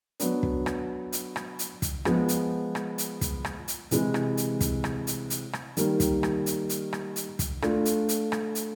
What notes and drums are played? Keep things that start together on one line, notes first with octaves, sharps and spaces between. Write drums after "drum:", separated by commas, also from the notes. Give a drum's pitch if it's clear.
F#3 B3 D4, drum: hi-hat
drum: kick
drum: rim click
drum: hi-hat
drum: rim click
drum: hi-hat
drum: kick, hi-hat
F3 G#3 B3, drum: rim click
drum: hi-hat
drum: rim click
drum: hi-hat
drum: kick, hi-hat
drum: rim click
drum: hi-hat
C3 E3 G#3, drum: hi-hat
drum: rim click
drum: hi-hat
drum: kick, hi-hat
drum: rim click
drum: hi-hat
drum: hi-hat
drum: rim click
D#3 G3 A#3, drum: hi-hat
drum: kick, hi-hat
drum: rim click
drum: hi-hat
drum: hi-hat
drum: rim click
drum: hi-hat
drum: kick, hi-hat
A3 D4 F4, drum: rim click
drum: hi-hat
drum: hi-hat
drum: rim click
drum: hi-hat